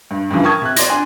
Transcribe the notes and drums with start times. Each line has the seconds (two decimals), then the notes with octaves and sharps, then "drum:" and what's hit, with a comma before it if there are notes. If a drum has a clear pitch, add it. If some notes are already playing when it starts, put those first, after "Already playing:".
0.11 G2
0.31 G2 C#3 E3 F3
0.43 A#4 G5 A5 C#6 D#6 G#6
0.62 C3 F#6
0.76 D5 C6 A#6, drum: hi-hat
0.88 D4 G#5 C6